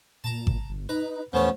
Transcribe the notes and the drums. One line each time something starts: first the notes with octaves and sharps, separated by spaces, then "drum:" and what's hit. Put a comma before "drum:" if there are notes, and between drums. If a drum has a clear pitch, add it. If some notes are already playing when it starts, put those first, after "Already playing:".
A#2 A5 A#5
drum: kick G#1
G1
D#4 B4 A#5
E2 F3 A3 B3 C#4 C#5